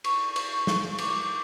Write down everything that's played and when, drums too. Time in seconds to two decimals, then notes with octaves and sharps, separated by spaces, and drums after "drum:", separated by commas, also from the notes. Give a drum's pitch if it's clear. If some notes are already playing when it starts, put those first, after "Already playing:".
0.04 C#6, drum: cymbal
0.36 drum: cymbal
0.52 C#6
0.67 drum: snare
0.90 C#6
0.98 D6, drum: cymbal